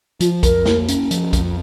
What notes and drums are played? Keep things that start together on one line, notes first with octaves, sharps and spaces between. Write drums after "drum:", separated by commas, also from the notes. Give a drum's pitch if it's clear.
F3 F4, drum: hi-hat
F2 A#4, drum: kick B1, hi-hat
A#3, drum: snare
C#4, drum: hi-hat
F3, drum: hi-hat
F2, drum: kick B1, hi-hat